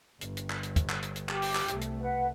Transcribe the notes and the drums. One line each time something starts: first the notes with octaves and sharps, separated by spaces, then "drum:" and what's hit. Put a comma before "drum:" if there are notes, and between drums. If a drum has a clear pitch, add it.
G1, drum: hi-hat
drum: hi-hat
drum: clap
drum: hi-hat
drum: kick, hi-hat
drum: clap
drum: hi-hat
drum: hi-hat
G4, drum: clap
drum: open hi-hat
drum: clap
C2 A3, drum: hi-hat
drum: hi-hat
B4 F#5